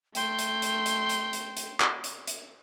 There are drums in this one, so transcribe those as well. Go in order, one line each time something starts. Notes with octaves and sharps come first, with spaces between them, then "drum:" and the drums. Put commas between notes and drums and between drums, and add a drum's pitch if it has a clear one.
A3 G5 C6, drum: hi-hat
drum: hi-hat
drum: hi-hat
drum: hi-hat
drum: hi-hat
drum: hi-hat
drum: hi-hat
drum: clap
drum: hi-hat
drum: hi-hat